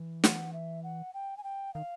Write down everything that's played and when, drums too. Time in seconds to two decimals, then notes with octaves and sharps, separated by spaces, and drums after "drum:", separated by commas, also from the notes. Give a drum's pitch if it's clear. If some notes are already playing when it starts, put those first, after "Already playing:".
Already playing: E3
0.24 F#5, drum: snare
0.53 E5
0.83 F#5
1.14 G5
1.37 G#5
1.44 G5
1.74 D#3 F5